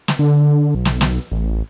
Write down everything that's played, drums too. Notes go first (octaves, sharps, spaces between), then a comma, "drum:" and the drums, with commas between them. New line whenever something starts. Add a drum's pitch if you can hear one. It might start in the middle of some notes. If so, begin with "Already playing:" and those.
drum: snare
D3
B1
drum: snare
drum: snare
A1